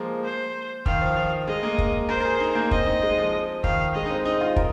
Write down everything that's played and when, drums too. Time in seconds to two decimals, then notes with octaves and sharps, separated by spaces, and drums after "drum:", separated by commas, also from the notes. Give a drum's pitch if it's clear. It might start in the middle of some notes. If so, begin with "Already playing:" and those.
Already playing: F3 G#3 A#3
0.25 C5
0.86 D#3 F5, drum: kick
1.01 F3
1.16 F3
1.47 G#3 D#5
1.63 A#3
1.78 drum: kick
2.09 A#4 C5
2.20 A#4
2.25 G#4
2.40 D#4
2.55 A#3
2.71 C4 D#5, drum: kick
2.86 D#4
3.02 G#3
3.18 F3
3.64 D#3 F5, drum: kick
3.95 G#3 D#5
4.06 D#4
4.10 C4
4.25 D#4 D#5
4.41 F4
4.56 A#4, drum: kick